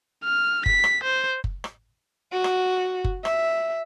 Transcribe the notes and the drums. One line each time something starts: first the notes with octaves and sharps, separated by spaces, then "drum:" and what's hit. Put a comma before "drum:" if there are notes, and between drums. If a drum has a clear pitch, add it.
F6
B6, drum: kick F#1
drum: rim click
C5
drum: kick F#1
drum: rim click
F#4
drum: rim click
drum: kick F#1
E5, drum: rim click